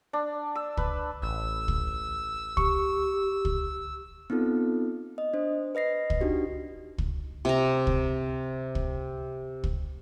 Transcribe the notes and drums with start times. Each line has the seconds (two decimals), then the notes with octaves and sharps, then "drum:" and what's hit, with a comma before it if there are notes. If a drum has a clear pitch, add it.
0.13 D4
0.55 E6
0.77 B4, drum: kick
1.22 A1 E6
1.68 drum: kick
2.57 G4 C#6, drum: kick
3.45 drum: kick
4.30 B3 C4 D#4 F4 A4
5.18 D#5
5.34 D4 C5
5.75 B4 D#5 A#6 C7
6.10 drum: kick
6.21 D4 D#4 F#4 G4
6.98 drum: kick
7.45 C3 A#5
7.87 drum: kick
8.75 drum: kick
9.64 drum: kick